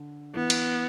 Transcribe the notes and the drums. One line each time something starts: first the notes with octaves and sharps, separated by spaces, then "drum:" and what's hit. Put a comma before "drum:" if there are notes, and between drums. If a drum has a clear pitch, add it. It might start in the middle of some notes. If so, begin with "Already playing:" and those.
Already playing: D3
E3 B3
drum: cymbal